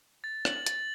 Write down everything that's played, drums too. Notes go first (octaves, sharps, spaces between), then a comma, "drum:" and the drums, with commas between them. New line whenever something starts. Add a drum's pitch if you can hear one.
A6
F#7, drum: rim click
A6, drum: hi-hat